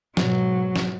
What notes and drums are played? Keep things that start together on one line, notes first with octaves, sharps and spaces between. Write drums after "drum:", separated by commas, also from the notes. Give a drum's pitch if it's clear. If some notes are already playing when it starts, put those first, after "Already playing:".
G#2 B2 F#3, drum: snare
drum: snare